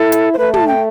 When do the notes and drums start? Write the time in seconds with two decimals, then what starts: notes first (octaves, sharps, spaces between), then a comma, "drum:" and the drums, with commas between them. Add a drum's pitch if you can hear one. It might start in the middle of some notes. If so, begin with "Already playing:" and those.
Already playing: E4 A4
0.12 drum: hi-hat
0.34 C5
0.38 A3 B4
0.54 A5, drum: tom
0.68 G5